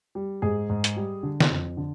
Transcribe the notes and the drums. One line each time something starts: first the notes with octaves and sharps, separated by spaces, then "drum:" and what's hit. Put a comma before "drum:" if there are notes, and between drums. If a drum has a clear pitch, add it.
G3
G#2 G#4
G#2
drum: hi-hat
G3
D3
drum: snare
F2
D3